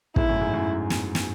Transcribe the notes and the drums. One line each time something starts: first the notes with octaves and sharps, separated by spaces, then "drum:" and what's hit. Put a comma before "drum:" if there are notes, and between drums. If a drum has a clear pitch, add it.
G#2 B2 E4, drum: kick
F#2 A2
G#2
F#2
drum: snare
drum: snare